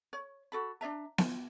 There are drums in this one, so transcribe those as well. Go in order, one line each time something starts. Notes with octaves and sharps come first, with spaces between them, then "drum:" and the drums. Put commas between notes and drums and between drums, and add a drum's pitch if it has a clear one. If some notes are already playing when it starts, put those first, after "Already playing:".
C#5
F#4 A4 B5
D4 D5 E5 A#5
F4, drum: snare B3